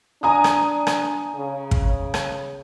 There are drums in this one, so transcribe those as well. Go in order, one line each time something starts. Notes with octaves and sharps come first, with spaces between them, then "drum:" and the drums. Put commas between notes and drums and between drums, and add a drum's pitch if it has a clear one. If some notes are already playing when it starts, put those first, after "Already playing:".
D4 G#5 A#5 D#6
drum: rim click
drum: rim click
C#3
drum: kick
drum: rim click